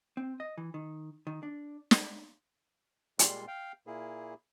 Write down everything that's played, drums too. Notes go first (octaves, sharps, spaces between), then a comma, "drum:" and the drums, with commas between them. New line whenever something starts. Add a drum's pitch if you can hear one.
C4
D#5
E3
D#3
D#3
D4
drum: snare
A#2 G3 G#3 C6, drum: hi-hat
F5 G5
A#2 A#3 E4 G#4